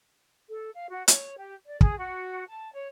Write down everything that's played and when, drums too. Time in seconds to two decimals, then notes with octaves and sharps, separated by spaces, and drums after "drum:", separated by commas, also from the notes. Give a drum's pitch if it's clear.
0.49 A4
0.74 F5
0.90 F#4
1.08 C#5, drum: hi-hat
1.38 G4
1.65 D5
1.81 G#4, drum: kick
1.98 F#4
2.48 A5
2.74 C#5